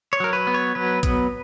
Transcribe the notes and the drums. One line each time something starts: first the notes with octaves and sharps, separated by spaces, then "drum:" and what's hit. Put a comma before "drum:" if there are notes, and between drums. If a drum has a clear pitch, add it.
C#5
F#3 A#4
B4
B3
C#5
F#3 B4
B3, drum: kick A1, hi-hat